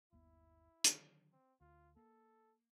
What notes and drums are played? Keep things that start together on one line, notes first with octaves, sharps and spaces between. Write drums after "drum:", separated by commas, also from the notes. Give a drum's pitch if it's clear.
G1 D#2 B3 E4
D3 D#3 F#3, drum: hi-hat
C4
D2 F4
A#3 A4